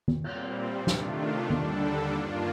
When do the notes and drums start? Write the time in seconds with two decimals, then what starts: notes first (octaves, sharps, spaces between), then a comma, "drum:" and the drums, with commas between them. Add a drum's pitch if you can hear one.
0.08 drum: tom
0.24 A#2 G3 C4, drum: cymbal
0.87 C3 D#3 A3 D4 F4, drum: snare
1.50 D#2 D3 G3 D4 A4, drum: tom
2.13 G2 D#3 A#3 D4 F4